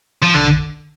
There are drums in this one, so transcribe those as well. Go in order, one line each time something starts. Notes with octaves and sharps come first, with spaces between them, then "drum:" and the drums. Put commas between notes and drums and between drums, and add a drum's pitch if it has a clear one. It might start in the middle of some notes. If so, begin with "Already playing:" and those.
F3
D3, drum: tom A#1